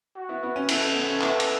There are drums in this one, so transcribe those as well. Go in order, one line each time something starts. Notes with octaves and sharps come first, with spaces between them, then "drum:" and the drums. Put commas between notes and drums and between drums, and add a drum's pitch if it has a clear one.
F#4
B3 E4
B3 E4
C#4
B3 E4 A4, drum: cymbal
C#4
B3
C#4
B3 E4, drum: clap
drum: cymbal